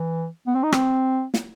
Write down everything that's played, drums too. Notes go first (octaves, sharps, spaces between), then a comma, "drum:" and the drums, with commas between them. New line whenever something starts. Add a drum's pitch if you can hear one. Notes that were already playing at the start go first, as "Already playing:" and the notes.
Already playing: E3
B3
C4
D#4
C4, drum: rim click
drum: snare